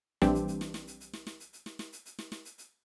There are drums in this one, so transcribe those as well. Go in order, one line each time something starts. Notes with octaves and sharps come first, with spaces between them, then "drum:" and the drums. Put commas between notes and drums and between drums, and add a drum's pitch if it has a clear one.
A#1 E3 G3 C4 D4 G4, drum: snare
drum: hi-hat
drum: hi-hat
drum: snare
drum: snare
drum: hi-hat
drum: hi-hat
drum: snare
drum: snare
drum: hi-hat
drum: hi-hat
drum: snare
drum: snare
drum: hi-hat
drum: hi-hat
drum: snare
drum: snare
drum: hi-hat
drum: hi-hat